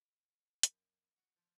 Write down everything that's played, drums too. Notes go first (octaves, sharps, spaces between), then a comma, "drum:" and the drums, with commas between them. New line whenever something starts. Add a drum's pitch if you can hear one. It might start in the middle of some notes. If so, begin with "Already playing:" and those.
F#2, drum: hi-hat
F#4
F3